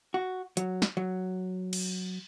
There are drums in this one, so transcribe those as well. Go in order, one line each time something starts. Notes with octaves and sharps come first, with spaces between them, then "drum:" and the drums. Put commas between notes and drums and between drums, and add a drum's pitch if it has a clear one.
F#4
F#3, drum: hi-hat
drum: snare
F#3
drum: cymbal